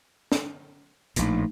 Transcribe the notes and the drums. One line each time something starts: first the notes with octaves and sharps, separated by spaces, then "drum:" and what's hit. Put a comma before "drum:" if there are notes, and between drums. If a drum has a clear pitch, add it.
drum: snare
A#1 A2 A3 D#4, drum: hi-hat